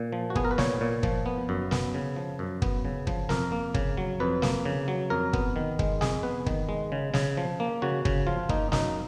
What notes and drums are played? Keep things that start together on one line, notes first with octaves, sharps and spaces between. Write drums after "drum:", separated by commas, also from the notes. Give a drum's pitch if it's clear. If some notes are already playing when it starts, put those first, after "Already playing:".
Already playing: A#2
F3
F#4
B3 G#4, drum: kick
A#4
B4
A#2 C#5, drum: snare
A#2
F3, drum: kick
B3
F#2
B3, drum: snare
C#3
F3
F#2
B3, drum: kick
C#3
F3, drum: kick
F2 A#4, drum: snare
A#3
C#3, drum: kick
F#3
F2 B4
A#3, drum: snare
C#3
F#3
F2 A#4
B3, drum: kick
D#3
G#3, drum: kick
F2 G#4, drum: snare
B3 B4
D#3, drum: kick
G#3
C#3
C#3, drum: snare
F3
A#3
C#3 F#4
C#3, drum: kick
F3 F4
A#3 D#4, drum: kick
F#2 D#4, drum: snare